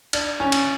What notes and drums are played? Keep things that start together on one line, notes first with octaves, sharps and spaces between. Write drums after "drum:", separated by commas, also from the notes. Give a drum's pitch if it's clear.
D4, drum: cymbal
C#4
drum: cymbal